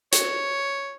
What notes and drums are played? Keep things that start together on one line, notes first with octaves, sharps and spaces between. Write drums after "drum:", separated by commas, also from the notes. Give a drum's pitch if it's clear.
C#5, drum: hi-hat